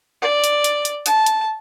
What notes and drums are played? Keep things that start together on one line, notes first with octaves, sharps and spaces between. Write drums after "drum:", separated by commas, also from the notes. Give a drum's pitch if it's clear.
D5
drum: hi-hat
drum: hi-hat
drum: hi-hat
A5, drum: hi-hat
drum: hi-hat